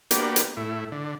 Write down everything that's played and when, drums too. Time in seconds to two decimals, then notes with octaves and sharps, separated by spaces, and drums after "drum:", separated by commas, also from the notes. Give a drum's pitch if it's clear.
0.11 A#3 B3 D4 F#4 G4, drum: hi-hat
0.36 drum: hi-hat
0.57 A2 E4
0.92 D3